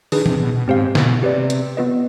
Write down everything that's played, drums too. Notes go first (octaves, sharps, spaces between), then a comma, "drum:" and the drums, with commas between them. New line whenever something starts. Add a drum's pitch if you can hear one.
D#3 D4 G#4 B4, drum: open hi-hat
C3, drum: tom D#3
B2
B2
G#2 C4 G4 C5 F5
B2, drum: snare
C3 G4 B4 D5
drum: hi-hat
B3 F4 B4 D#5